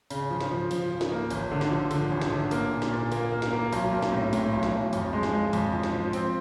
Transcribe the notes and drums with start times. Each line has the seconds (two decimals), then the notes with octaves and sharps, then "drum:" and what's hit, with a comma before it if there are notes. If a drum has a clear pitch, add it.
0.10 C#3, drum: open hi-hat
0.31 F3
0.41 drum: snare
0.50 F3
0.71 F3, drum: open hi-hat
0.91 F3
1.01 drum: snare
1.11 A#3
1.30 A1, drum: open hi-hat
1.51 D3
1.61 drum: snare
1.71 F3
1.91 D3, drum: open hi-hat
2.12 A1
2.21 drum: snare
2.31 D3
2.51 A#3, drum: open hi-hat
2.72 A#2
2.82 drum: snare
2.92 A#2
3.12 A#3, drum: open hi-hat
3.32 A#3
3.42 drum: snare
3.53 A#3
3.73 B1, drum: open hi-hat
3.92 B1
4.02 drum: snare
4.12 A2
4.33 A2, drum: open hi-hat
4.53 B1
4.63 drum: snare
4.73 B1
4.93 F2, drum: open hi-hat
5.13 G#3
5.23 drum: snare
5.33 G#3
5.53 F2, drum: open hi-hat
5.73 F3
5.83 drum: snare
5.93 F3
6.13 C4, drum: open hi-hat